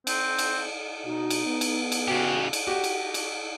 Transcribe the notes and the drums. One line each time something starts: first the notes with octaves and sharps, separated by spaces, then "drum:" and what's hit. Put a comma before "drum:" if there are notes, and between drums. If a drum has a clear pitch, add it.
C4, drum: cymbal
drum: cymbal
B2 D#4 F#4
drum: cymbal
B3
drum: cymbal
drum: cymbal
C#3 F#4 G4
drum: cymbal
F#4 G4
drum: cymbal
drum: cymbal